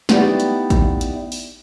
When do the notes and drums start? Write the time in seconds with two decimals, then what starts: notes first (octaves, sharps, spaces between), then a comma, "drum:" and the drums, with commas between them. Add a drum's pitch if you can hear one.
0.09 A3 B3 D#4 E4 G4 D5, drum: snare
0.40 drum: hi-hat
0.70 drum: kick A1, hi-hat
1.01 drum: hi-hat
1.32 drum: open hi-hat